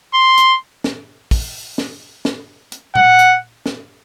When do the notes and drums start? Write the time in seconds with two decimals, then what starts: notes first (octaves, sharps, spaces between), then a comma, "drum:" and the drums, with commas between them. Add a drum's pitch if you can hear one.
0.14 C6
0.37 drum: hi-hat
0.84 drum: snare
1.31 drum: kick, open hi-hat
1.78 drum: snare
2.25 drum: snare
2.72 drum: hi-hat
2.95 F#5, drum: tom A#2
3.19 drum: hi-hat
3.66 drum: snare